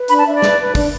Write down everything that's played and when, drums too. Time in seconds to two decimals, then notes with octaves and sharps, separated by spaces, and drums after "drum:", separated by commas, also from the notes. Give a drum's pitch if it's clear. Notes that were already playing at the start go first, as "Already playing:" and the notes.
Already playing: B4
0.08 D4 B5, drum: hi-hat
0.18 A5
0.26 D4 E5
0.34 D5
0.42 B4, drum: snare
0.60 B4
0.75 D4, drum: kick, open hi-hat